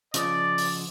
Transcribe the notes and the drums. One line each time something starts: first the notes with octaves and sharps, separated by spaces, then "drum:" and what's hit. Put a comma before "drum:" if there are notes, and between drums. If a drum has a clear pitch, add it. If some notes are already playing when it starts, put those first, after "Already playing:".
C#3 F3 D5 D#5, drum: hi-hat
drum: open hi-hat